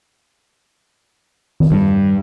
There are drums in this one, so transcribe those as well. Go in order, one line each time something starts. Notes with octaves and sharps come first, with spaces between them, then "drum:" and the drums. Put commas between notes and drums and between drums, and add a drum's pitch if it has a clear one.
drum: tom D#3
G2